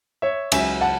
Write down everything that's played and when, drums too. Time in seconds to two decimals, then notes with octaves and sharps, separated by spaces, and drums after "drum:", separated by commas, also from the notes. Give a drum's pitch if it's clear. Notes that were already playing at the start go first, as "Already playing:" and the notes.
0.22 C#5 E5
0.52 C#2 C#3 F#3 E5 G#5, drum: cymbal
0.81 F#5 A5